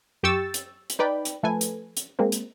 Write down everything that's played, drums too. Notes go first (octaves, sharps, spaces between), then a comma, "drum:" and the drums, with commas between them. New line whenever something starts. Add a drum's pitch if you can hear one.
F#2 G4 G5 C#6 E6 A6
drum: hi-hat
drum: hi-hat
D#4 B4 D5 G5 B5
drum: hi-hat
F3 A3 A4 B4 G#5
drum: hi-hat
drum: hi-hat
G#3 A#3 C4
drum: hi-hat